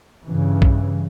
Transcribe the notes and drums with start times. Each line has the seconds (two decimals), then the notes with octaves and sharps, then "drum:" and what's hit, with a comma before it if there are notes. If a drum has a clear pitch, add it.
0.25 G2 C#3 E3
0.62 drum: kick A#1